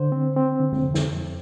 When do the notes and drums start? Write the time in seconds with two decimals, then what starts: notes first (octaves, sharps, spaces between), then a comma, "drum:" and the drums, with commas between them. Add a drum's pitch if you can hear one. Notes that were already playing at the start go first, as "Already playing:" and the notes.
Already playing: D3 C5
0.12 C4
0.36 C4
0.60 D3
0.73 drum: tom D3
0.83 F2
0.94 drum: snare
1.08 F2